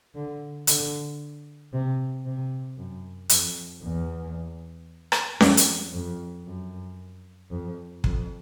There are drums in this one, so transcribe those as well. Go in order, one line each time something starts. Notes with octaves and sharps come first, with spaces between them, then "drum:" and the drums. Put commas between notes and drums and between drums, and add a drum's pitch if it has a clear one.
D3
D3, drum: hi-hat
C3
C3
F#2
F2, drum: hi-hat
E2
drum: rim click
F2, drum: snare C#4
drum: hi-hat
F2
F#2
F2
F2, drum: kick